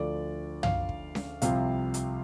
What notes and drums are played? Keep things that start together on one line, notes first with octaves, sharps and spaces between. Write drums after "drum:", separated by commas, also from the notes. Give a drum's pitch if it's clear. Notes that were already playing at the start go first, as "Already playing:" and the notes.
Already playing: D2 D3 F3 D5
F5, drum: tom
drum: kick
drum: snare C#4
C2 C3 F3 F5, drum: hi-hat
drum: hi-hat